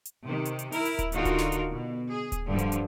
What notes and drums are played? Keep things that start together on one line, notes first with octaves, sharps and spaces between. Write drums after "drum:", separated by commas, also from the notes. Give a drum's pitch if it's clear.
drum: hi-hat
C3 D#3
drum: hi-hat
drum: hi-hat
E4 A#4, drum: open hi-hat
drum: hi-hat
drum: kick D1, hi-hat
D3 D#4 F4 F#4 A#4, drum: hi-hat
drum: kick D1, hi-hat
drum: snare
drum: hi-hat
B2
G#4
drum: kick D1, hi-hat
G2 D3 F3
drum: hi-hat
drum: hi-hat